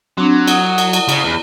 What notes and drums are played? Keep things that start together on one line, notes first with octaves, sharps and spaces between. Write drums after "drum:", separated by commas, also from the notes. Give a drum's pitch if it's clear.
F#3 C4 D4
F#5 D#6, drum: cymbal
drum: cymbal
drum: cymbal
C#3, drum: cymbal
E2